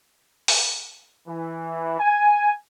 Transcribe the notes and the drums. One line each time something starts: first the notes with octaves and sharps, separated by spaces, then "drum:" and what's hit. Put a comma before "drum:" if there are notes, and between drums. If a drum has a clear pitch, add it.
drum: open hi-hat
E3
G#5